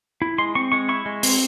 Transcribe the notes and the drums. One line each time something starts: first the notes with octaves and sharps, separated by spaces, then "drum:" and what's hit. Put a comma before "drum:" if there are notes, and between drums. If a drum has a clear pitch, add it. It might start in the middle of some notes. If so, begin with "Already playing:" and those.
E4
G#3 C6
C4 C#6
G#3 C#6
E4 C#6
G#3
C4, drum: open hi-hat